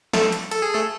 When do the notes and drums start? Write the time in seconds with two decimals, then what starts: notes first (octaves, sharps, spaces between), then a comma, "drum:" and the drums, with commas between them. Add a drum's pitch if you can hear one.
0.13 A3 A4, drum: snare
0.32 drum: hi-hat
0.51 A4, drum: hi-hat
0.62 G#4
0.74 A3 A4